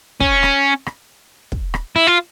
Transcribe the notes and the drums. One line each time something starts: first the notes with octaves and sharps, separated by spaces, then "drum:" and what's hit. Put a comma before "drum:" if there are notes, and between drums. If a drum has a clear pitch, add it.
C#4, drum: kick
drum: rim click
drum: rim click
drum: kick
drum: rim click
E4
F4